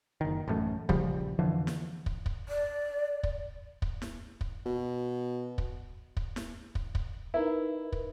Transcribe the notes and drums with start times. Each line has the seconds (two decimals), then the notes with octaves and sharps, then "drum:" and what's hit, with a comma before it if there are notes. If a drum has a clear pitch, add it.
0.21 F#1 D#3
0.48 A1 F#2 A3
0.89 A#1 C#3 F3 G3, drum: kick
1.39 F2 D3 E3 F3
1.67 drum: snare
2.06 drum: kick
2.26 drum: kick
2.49 D5
3.23 drum: kick
3.82 drum: kick
4.02 drum: snare
4.41 drum: kick
4.66 B2
5.58 drum: kick
6.17 drum: kick
6.36 drum: snare
6.75 drum: kick
6.95 drum: kick
7.34 D#4 E4 A#4 B4
7.92 drum: kick